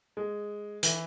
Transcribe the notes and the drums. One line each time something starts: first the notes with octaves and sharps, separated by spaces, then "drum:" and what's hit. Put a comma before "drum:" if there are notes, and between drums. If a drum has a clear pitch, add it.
G#3
E3, drum: hi-hat